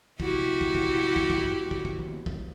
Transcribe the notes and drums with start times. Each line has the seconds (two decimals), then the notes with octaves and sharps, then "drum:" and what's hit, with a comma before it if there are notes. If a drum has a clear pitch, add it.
0.20 E4 F#4 G4, drum: kick
0.33 drum: tom C3
0.61 drum: kick
0.75 drum: kick
0.89 drum: tom C3
1.16 drum: kick
1.30 drum: kick
1.44 drum: tom G2
1.71 drum: kick
1.85 drum: kick
1.99 drum: tom D#3
2.26 drum: kick